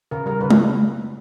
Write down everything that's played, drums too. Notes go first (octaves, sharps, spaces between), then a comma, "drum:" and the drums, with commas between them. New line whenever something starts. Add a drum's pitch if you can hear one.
C#3 A#4
G3 A#4
C#3 B4
drum: tom G#3